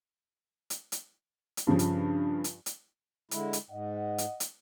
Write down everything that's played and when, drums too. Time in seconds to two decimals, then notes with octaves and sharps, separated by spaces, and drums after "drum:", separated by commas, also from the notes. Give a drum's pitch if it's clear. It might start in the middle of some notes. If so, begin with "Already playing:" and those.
0.70 drum: hi-hat
0.92 drum: hi-hat
1.57 drum: hi-hat
1.67 G2 C#3 F3
1.79 drum: hi-hat
2.44 drum: hi-hat
2.66 drum: hi-hat
3.31 D3 G#3 E4, drum: hi-hat
3.53 drum: hi-hat
3.70 G#2 D#5 F#5
4.18 drum: hi-hat
4.40 drum: hi-hat